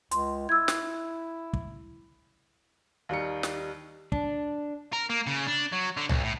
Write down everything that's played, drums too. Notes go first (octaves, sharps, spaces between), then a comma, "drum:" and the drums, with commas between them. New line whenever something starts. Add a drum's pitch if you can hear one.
C#2 C6, drum: hi-hat
E4 E6 G#6
drum: snare
drum: kick
D#2 G3 D#4 C#7
drum: snare
D4, drum: kick
A#4
A#3
C#3
D4
F#3
D3
B1, drum: tom C2
A2